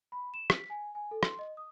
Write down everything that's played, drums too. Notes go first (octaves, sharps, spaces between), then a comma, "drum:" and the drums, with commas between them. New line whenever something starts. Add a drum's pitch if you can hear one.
B5
E7
B6, drum: rim click
G#5
G#5
A4
C6, drum: rim click
D#5
D#6